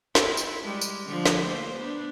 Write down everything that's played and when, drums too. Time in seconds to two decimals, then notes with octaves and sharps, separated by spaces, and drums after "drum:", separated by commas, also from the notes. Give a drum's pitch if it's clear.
0.15 E4, drum: snare
0.37 drum: tambourine
0.63 G3 G#3
0.81 drum: tambourine
1.05 D3 F3
1.26 drum: snare
1.44 A3 A#3 C5
1.78 B3 D4